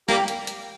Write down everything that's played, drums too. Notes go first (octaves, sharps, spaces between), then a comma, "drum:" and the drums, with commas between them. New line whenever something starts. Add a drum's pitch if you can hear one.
G3 A#3 G4, drum: snare
drum: hi-hat
drum: hi-hat